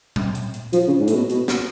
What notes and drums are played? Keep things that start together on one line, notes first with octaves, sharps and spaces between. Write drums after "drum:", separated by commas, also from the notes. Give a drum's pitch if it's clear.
drum: tom A#2
drum: hi-hat
drum: hi-hat
F3, drum: hi-hat
C#3
G#2
A2, drum: hi-hat
B2
B2, drum: hi-hat
drum: snare